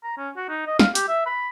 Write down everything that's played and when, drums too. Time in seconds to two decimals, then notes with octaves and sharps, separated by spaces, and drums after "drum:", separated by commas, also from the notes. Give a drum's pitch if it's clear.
0.04 A#5
0.18 C#4
0.37 F#4
0.49 D#4
0.67 D#5
0.79 F5, drum: snare
0.95 G4, drum: hi-hat
1.09 E5
1.26 B5